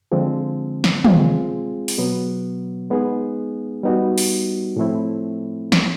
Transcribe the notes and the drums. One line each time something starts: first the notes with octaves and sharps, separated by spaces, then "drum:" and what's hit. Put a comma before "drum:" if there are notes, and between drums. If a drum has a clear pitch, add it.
D3 F3 G#3 C4
drum: snare
G#3 C4 F4 G#4, drum: tom
drum: open hi-hat
B2 F#3 B3
G#3 B3 D#4 G#4
G3 B3 D#4 F#4
drum: open hi-hat
A2 F3 A3 C4 E4
drum: snare